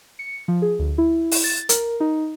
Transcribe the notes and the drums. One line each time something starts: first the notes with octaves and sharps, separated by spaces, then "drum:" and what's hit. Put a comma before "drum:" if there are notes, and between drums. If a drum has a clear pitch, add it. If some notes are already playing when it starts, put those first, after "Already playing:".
C#7
F3
G#4
D2
E4
drum: open hi-hat
A6
A#4, drum: hi-hat
D#4